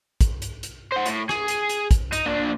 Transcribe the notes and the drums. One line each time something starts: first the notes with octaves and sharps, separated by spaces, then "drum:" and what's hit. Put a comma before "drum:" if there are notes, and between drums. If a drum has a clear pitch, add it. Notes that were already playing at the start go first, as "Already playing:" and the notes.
drum: kick, hi-hat
drum: hi-hat
drum: hi-hat
C5 F#5
A2, drum: hi-hat
G#4, drum: rim click
drum: hi-hat
drum: hi-hat
drum: kick, hi-hat
D#4, drum: hi-hat
A#2 D4